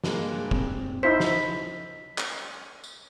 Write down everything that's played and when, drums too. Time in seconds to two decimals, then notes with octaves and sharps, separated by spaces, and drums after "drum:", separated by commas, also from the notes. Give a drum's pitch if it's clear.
0.04 G2 G#3 A#3, drum: snare
0.51 C4, drum: kick
1.03 D#4 E4 C5 B6
1.20 drum: snare
2.18 drum: clap
2.84 drum: tambourine